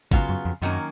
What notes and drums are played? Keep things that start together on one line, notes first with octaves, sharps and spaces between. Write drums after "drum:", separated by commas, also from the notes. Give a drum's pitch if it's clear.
G#2 C#3 F#3 B3 F4, drum: kick
F#2
F2
F#2 D#3 F#3 A#3 C#4